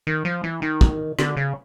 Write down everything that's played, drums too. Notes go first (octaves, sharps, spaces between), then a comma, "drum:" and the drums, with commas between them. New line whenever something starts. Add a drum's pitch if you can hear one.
D#3
F3
E3
D#3
drum: kick
D3, drum: rim click
C#3